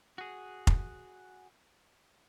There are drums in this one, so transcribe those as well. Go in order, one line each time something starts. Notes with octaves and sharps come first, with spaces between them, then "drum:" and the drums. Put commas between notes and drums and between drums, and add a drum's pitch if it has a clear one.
F#4 G#4
drum: kick F1